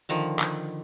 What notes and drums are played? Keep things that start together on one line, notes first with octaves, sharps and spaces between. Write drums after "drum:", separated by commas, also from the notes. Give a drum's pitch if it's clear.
D3 D#3 F3
drum: clap